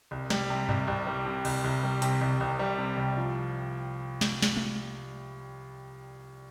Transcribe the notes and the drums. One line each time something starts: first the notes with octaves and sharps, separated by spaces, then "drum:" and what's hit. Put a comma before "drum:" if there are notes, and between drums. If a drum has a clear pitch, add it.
C2
G3, drum: snare
C3
C2, drum: tom G2
C2
G3
C3
C2, drum: cymbal
C2
G3
C3, drum: hi-hat
C2
C2
G3
C3
C2
F3
drum: snare
drum: snare
drum: tom G#3